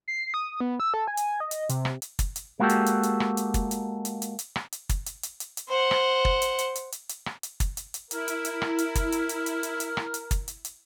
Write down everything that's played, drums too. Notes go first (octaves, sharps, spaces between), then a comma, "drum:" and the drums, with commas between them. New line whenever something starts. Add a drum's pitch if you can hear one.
C7
D#6
B3
E6
A4
G#5
drum: hi-hat
D#5
drum: hi-hat
C3, drum: hi-hat
drum: rim click
drum: hi-hat
drum: kick, hi-hat
drum: hi-hat
G#3 A#3 B3 F#4 G4 A4
drum: hi-hat
drum: hi-hat
drum: hi-hat
drum: rim click
drum: hi-hat
drum: kick, hi-hat
drum: hi-hat
drum: hi-hat
drum: hi-hat
drum: hi-hat
drum: rim click
drum: hi-hat
drum: kick, hi-hat
drum: hi-hat
drum: hi-hat
drum: hi-hat
drum: hi-hat
C5 F#5
drum: rim click
drum: kick
drum: hi-hat
drum: hi-hat
drum: hi-hat
drum: hi-hat
drum: hi-hat
drum: rim click
drum: hi-hat
drum: kick, hi-hat
drum: hi-hat
drum: hi-hat
E4 A#4, drum: hi-hat
drum: hi-hat
drum: hi-hat
drum: rim click
drum: hi-hat
drum: kick, hi-hat
drum: hi-hat
drum: hi-hat
drum: hi-hat
drum: hi-hat
drum: hi-hat
drum: rim click
drum: hi-hat
drum: kick, hi-hat
drum: hi-hat
drum: hi-hat